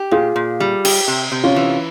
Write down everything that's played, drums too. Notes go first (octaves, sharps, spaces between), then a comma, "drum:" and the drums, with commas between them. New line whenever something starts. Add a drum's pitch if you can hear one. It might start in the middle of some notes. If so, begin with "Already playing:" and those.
Already playing: G4
A#2 F4 G#4
A#2
G3
G4, drum: cymbal
C3
C3
C#4 F4
E3